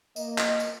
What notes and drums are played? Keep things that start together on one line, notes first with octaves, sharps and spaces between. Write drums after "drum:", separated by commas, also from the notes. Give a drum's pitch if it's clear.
A#3 D#5, drum: tambourine
drum: clap
drum: tambourine